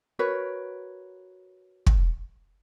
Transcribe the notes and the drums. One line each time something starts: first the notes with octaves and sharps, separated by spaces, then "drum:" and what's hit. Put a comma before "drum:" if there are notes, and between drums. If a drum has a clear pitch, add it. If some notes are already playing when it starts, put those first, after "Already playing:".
F#4 A#4 B4 C#5
drum: kick